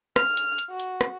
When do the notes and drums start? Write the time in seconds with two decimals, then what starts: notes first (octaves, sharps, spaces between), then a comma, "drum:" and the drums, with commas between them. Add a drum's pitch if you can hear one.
0.16 F6, drum: rim click
0.37 drum: hi-hat
0.58 drum: hi-hat
0.70 F#4
0.80 drum: hi-hat
1.01 drum: rim click